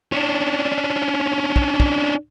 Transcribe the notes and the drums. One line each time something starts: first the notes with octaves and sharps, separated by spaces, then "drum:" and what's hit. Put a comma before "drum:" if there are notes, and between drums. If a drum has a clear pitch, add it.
C#4 D4
drum: kick
drum: kick